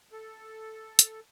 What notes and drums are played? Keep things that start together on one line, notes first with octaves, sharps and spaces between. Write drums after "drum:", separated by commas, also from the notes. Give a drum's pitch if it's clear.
A4
drum: hi-hat